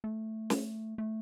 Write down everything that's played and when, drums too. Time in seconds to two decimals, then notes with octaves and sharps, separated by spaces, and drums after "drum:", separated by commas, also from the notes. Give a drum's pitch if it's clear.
0.04 A3
0.50 drum: snare
0.98 A3